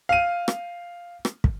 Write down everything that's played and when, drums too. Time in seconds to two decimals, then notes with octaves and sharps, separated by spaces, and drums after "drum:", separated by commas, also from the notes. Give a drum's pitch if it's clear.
0.09 F5 D#7
0.48 drum: rim click
1.25 drum: rim click
1.44 drum: kick